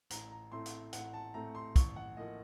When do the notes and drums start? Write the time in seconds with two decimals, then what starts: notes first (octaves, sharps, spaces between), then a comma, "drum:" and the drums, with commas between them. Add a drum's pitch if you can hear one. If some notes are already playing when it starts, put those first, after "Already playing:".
0.10 A1 A#5, drum: hi-hat
0.31 A#5
0.52 A2 A3 C4 C6
0.66 drum: hi-hat
0.93 A1 F#5, drum: hi-hat
1.14 A5
1.34 A2 A3 C4 A#5
1.55 C6
1.76 A1 C#6, drum: kick, hi-hat
1.96 F#5
2.17 A2 F3 A#3 D#5